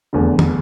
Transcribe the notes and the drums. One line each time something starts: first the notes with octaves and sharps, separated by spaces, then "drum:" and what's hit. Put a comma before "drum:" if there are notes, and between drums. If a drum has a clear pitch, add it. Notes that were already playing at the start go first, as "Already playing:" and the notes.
F1 E2 D3
drum: tom